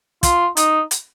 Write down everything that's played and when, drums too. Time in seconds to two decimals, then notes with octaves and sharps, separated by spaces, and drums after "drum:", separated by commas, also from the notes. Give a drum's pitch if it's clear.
0.23 F4, drum: kick, hi-hat
0.57 D#4, drum: hi-hat
0.91 drum: hi-hat